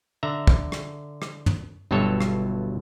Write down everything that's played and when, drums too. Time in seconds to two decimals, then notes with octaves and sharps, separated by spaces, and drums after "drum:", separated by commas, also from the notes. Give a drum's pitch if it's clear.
0.23 D3 E5 A#5
0.47 drum: kick
0.72 drum: rim click
1.22 drum: rim click
1.46 drum: tom
1.91 G1 G2 B2 F#3 A4 C#5
2.21 drum: rim click